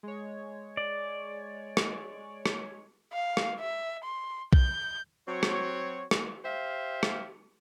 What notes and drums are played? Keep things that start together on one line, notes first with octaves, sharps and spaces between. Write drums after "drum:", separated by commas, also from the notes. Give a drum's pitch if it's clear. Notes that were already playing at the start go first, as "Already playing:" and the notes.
G#3 C#5
D5
drum: rim click
drum: rim click
F5
drum: rim click
E5
C6
G6, drum: kick B1
F#3 C4 F#4 C#5
drum: rim click
drum: rim click
G4 C5 E5 F5
drum: rim click